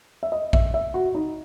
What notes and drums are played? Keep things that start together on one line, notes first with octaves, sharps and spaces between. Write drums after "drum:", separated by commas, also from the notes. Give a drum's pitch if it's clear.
E5
D#5
E5, drum: kick A#1
E5
F#4
D#4